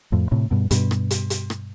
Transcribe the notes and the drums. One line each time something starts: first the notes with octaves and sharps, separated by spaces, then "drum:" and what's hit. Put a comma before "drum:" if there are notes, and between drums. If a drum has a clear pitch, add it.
F2 A2
A2 C3
G2 B2
G2 B2, drum: hi-hat
drum: rim click
drum: hi-hat
drum: hi-hat
drum: rim click